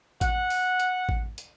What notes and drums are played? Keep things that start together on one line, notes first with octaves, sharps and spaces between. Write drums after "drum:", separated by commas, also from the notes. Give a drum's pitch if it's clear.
F#5, drum: kick A1, hi-hat
drum: open hi-hat
drum: hi-hat
drum: kick A1
drum: hi-hat